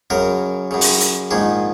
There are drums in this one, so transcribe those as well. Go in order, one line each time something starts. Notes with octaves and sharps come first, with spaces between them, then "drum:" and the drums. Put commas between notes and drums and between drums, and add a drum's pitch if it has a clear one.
F#2 C#3 A#4
F#2 C#3
drum: open hi-hat
drum: hi-hat
A#1 G#2 D#3 G#4